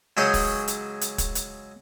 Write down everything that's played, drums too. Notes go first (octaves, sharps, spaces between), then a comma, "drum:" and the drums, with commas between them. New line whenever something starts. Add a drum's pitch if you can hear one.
C#2 F#3 G#4 C5 C#5 D#6
drum: kick, open hi-hat
drum: hi-hat
drum: hi-hat
drum: kick, hi-hat
drum: hi-hat